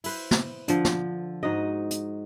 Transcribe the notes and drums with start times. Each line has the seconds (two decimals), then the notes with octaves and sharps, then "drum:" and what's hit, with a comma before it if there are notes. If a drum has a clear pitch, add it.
0.04 E4 B4 C5, drum: open hi-hat
0.31 drum: snare
0.68 D3 F3, drum: hi-hat
0.85 drum: snare
1.43 G#2 D#4 F#4 D#5
1.91 drum: hi-hat